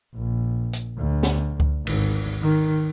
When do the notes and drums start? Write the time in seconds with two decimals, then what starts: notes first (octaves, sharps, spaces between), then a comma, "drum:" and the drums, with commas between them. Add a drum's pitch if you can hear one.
0.15 A#1
0.73 drum: hi-hat
0.98 D2
1.23 drum: snare
1.60 drum: kick C#2
1.87 G#1, drum: cymbal
2.42 D#3